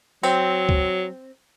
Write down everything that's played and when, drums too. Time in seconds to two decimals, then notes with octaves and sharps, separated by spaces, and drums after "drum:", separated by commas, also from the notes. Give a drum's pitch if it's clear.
0.23 F#3 C4, drum: tambourine
0.69 drum: kick C#2